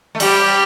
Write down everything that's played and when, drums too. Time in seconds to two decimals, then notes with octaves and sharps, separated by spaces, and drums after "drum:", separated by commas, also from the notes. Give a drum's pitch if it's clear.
0.15 A3
0.20 G3 G4, drum: cymbal